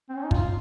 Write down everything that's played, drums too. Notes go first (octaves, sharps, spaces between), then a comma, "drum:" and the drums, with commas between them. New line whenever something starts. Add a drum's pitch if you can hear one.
C4
C#4
D#4
F4, drum: kick